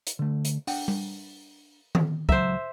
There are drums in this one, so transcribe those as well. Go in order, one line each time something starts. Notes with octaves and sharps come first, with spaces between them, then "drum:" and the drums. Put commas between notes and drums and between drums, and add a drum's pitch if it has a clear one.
drum: hi-hat
D3 A3
drum: hi-hat
D4 F#5 G5, drum: open hi-hat
drum: tom G3
drum: tom D#3
C#2 F#3 C5 E5 A#5, drum: kick